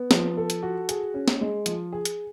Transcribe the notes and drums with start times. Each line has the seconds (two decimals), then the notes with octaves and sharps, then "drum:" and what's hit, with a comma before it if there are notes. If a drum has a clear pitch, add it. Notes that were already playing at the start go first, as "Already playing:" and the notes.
Already playing: B3
0.11 F3, drum: snare
0.37 A4
0.50 drum: hi-hat
0.63 F#4
0.89 G#4, drum: hi-hat
1.14 C#4
1.28 drum: snare
1.41 G#3
1.66 F3, drum: hi-hat
1.92 G#4
2.05 drum: hi-hat